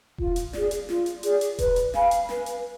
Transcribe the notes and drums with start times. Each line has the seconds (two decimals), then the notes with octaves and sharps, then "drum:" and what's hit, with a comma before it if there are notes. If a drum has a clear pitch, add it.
0.18 F4, drum: kick E1
0.36 drum: hi-hat
0.53 G#4 D5, drum: snare
0.71 drum: hi-hat
0.89 F4, drum: snare
1.06 drum: hi-hat
1.23 G#4 D5, drum: hi-hat
1.41 drum: hi-hat
1.59 B4, drum: kick E1, hi-hat
1.76 drum: hi-hat
1.94 F5 G#5 B5, drum: snare
2.11 drum: hi-hat
2.29 B4, drum: snare
2.46 drum: hi-hat